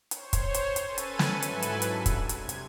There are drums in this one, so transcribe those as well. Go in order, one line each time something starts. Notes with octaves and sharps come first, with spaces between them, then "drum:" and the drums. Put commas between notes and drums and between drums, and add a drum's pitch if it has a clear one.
C5 C#5, drum: hi-hat
drum: kick, hi-hat
drum: hi-hat
drum: hi-hat
C#4 A4 B4 G#5 A6 D#7
drum: hi-hat
drum: snare
G#2 F#3 E4 A4 B4 G#5, drum: hi-hat
drum: hi-hat
G2, drum: hi-hat
drum: kick, hi-hat
C3 G#6, drum: hi-hat
drum: hi-hat